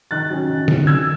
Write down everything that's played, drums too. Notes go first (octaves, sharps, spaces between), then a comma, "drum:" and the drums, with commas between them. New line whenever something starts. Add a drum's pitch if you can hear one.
D#3 F#6 A6
F#3 C#4
D#3
F#3 C#4, drum: tom
F#3 E6 G#6